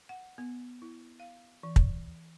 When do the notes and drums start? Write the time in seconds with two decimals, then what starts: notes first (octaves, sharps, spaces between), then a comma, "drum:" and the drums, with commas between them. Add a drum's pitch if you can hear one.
0.09 F#5
0.38 B3
0.82 E4
1.20 F5
1.63 E3
1.76 drum: kick